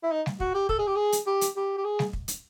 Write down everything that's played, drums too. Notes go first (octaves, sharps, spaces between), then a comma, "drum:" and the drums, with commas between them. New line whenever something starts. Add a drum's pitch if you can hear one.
E4
D#4
drum: snare G3
F#4, drum: kick
G4
A4, drum: kick
G#4
G4
G#4
drum: hi-hat
G4
drum: hi-hat
G4
G4
G#4
drum: snare G3
drum: kick
drum: hi-hat